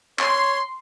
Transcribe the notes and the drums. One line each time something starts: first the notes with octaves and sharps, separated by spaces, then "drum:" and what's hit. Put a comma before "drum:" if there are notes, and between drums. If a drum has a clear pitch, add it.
C#5 C6, drum: clap